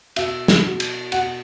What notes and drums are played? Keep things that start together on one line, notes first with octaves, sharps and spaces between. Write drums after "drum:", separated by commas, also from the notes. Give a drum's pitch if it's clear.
B2 E5, drum: cymbal
drum: snare
B2
drum: cymbal
B2 F#5, drum: cymbal